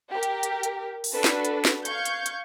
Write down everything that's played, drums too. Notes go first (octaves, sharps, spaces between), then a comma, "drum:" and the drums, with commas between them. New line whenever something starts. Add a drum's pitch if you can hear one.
G4 A#4
drum: hi-hat
drum: hi-hat
drum: hi-hat
drum: open hi-hat
D4 F#4 A4 B4
drum: snare
drum: hi-hat
drum: snare
F5 C#6 G6 G#6, drum: hi-hat
drum: hi-hat
drum: hi-hat